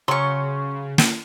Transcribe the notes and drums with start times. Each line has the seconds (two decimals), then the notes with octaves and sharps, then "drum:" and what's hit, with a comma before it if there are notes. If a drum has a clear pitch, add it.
0.08 C#3 F#3 C#4 C6 C#6
0.98 drum: snare